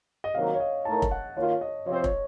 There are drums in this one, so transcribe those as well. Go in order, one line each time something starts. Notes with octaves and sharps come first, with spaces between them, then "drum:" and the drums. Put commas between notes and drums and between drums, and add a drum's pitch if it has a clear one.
D#5
C3 D#3 F#3 A#3 D#4 F5
C#5
D#5
A2 A3 D#4 A#4 A5
drum: kick F1
F#5
D#3 A#3 F4 C#5
D#5
C3 F3 C4 F4 C5 C#5
C#5, drum: kick F1